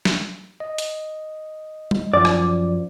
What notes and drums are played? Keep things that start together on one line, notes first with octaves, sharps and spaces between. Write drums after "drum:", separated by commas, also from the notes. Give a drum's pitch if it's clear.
drum: snare
D#5
drum: hi-hat
drum: tom
F#2 F3 D5
drum: rim click